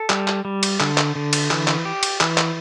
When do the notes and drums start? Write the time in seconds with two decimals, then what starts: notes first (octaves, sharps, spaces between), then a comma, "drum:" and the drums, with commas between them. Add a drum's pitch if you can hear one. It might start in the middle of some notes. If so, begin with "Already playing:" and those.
Already playing: A4
0.10 G3, drum: clap
0.28 drum: clap
0.45 G3
0.63 drum: cymbal
0.80 D3, drum: clap
0.98 drum: clap
1.15 D3
1.33 drum: cymbal
1.51 E3, drum: clap
1.68 drum: clap
1.85 G4
2.03 drum: cymbal
2.21 E3, drum: clap
2.38 drum: clap